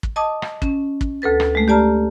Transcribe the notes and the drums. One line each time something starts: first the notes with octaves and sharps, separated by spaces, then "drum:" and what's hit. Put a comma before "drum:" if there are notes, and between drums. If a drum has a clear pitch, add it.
drum: kick
D#5 A5 D6 D#6
drum: rim click
C#4, drum: kick
drum: kick
D2 A4 B4 A6
drum: rim click
G#3 A3
G4 D5 A5 A#5 F6